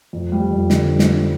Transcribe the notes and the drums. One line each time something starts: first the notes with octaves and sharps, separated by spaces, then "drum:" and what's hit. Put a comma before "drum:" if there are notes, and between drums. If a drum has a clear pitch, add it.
F2
G3
F2
D3, drum: snare
drum: snare